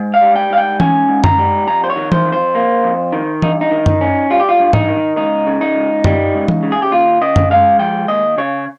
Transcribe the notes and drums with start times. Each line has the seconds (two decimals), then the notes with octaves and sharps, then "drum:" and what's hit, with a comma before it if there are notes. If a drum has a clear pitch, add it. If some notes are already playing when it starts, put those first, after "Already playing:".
Already playing: G#2
0.14 F5
0.21 G3
0.36 G5
0.50 G#2 F5
0.58 G5
0.80 C#4 G#5, drum: tom E3
1.08 G#2
1.24 A#5, drum: tom F#2
1.38 G3
1.67 F2 A#5
1.84 C5
1.90 C#5
1.96 D#3
2.12 C5, drum: tom E3
2.25 F2
2.32 C5
2.55 A#3
2.84 F2
3.13 D#3
3.42 G2 D#4, drum: tom E3
3.61 D#4
3.71 D#3
3.86 drum: tom F#2
4.01 C#4
4.30 G3 F4
4.40 G4
4.49 F4
4.59 G2
4.73 D#4, drum: tom G#2
4.88 D#3
5.17 C#2 D#4
5.47 C#3
5.61 D#4
5.75 C#2
6.04 G3, drum: tom F#2
6.34 C#2
6.48 drum: tom E3
6.63 C#3
6.72 G#4
6.82 G4
6.91 D#2 F4
7.21 C#3 D#5
7.36 drum: tom F#2
7.50 G#3 F5
7.79 F3 G5
8.08 D#2 D#5
8.38 C#3 C#5